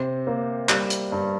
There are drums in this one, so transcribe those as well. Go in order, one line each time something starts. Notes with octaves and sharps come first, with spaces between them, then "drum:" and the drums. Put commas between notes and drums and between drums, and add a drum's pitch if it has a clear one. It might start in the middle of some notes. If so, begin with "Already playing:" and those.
Already playing: C3 C5
A#3
G3, drum: clap
drum: hi-hat
G2